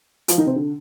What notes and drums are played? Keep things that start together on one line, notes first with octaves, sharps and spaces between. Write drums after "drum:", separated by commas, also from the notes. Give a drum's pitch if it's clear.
F3 F4, drum: hi-hat
D#3 D#4
C3 C4
D3